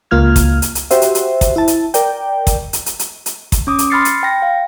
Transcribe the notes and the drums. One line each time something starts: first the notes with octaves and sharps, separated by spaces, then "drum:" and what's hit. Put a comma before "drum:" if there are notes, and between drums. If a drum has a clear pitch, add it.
C#2 A#3 F4 F6 G#6
drum: kick, hi-hat
drum: hi-hat
drum: hi-hat
F#4 G4 C5 E5, drum: hi-hat
drum: hi-hat
drum: hi-hat
drum: kick, hi-hat
E4 A5
drum: hi-hat
A#4 D5 G5, drum: hi-hat
drum: kick, hi-hat
drum: hi-hat
drum: hi-hat
drum: hi-hat
drum: hi-hat
drum: kick, hi-hat
C#4 D6 D#6
drum: hi-hat
B5 C6 F6 A6 C7 C#7
drum: hi-hat
G5 A#6
F5